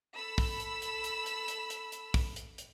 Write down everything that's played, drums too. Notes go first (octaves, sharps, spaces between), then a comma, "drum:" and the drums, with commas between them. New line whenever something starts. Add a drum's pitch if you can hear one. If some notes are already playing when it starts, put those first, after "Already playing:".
A4 B5 E6
drum: kick, open hi-hat
drum: hi-hat
drum: hi-hat
drum: hi-hat
drum: hi-hat
drum: hi-hat
drum: hi-hat
drum: hi-hat
drum: kick, open hi-hat
drum: hi-hat
drum: hi-hat